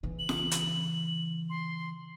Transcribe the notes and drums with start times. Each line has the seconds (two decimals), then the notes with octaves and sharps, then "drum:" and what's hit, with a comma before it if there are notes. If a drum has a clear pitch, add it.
0.03 C#3 E3
0.19 F#7
0.29 drum: snare
0.51 drum: hi-hat
1.50 C6